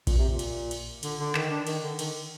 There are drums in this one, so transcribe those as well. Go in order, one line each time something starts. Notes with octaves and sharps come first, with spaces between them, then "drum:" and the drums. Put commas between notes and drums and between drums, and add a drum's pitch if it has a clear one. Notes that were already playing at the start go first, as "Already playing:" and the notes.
A#2, drum: kick A#1, cymbal
C3
A#2
drum: cymbal
drum: cymbal
D3, drum: cymbal
D3
D#3, drum: clap
D4
D#3, drum: cymbal
D3
D#3, drum: cymbal